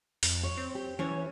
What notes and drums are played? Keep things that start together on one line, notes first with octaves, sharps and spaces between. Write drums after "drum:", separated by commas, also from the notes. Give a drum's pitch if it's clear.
F2, drum: open hi-hat
C#5
C4
G4
E3 C#4 C#5